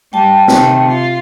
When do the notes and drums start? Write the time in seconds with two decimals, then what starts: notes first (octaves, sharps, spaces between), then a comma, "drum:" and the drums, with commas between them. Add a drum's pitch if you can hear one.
0.13 G3 G5 A5
0.48 C3 D#3, drum: snare
0.89 F4